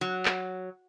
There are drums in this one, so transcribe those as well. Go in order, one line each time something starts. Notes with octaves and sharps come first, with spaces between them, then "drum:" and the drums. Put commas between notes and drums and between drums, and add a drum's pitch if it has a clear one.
F#3
drum: clap